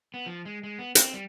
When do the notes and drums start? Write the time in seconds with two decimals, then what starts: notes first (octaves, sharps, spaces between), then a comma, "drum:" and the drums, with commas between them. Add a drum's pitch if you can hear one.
0.14 B3
0.26 F3
0.45 G#3
0.63 G#3
0.79 B3
0.95 C4, drum: hi-hat
1.14 G3